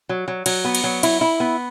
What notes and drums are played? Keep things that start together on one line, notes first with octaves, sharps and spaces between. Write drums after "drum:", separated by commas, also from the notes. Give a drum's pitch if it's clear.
F#3
F#3
F#3, drum: cymbal
B3
drum: cymbal
F#3
E4, drum: cymbal
E4
B3